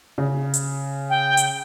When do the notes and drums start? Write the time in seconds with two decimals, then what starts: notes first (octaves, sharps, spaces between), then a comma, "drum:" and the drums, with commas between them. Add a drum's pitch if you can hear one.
0.18 C#3
0.54 drum: hi-hat
1.10 G5
1.37 drum: hi-hat